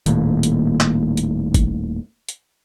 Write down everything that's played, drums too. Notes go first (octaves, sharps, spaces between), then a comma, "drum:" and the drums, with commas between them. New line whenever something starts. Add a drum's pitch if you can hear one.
D#1 D#2 A2, drum: hi-hat
drum: hi-hat
drum: clap
drum: hi-hat
drum: kick G#1, hi-hat
drum: hi-hat